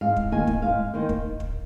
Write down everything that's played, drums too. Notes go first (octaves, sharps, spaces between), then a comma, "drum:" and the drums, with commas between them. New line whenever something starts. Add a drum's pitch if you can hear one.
G#2 F5
drum: kick
D#3 A#3 D#4 G#5
drum: kick
G#2 F5
D#3 A#3 D#4 C5
drum: kick
drum: kick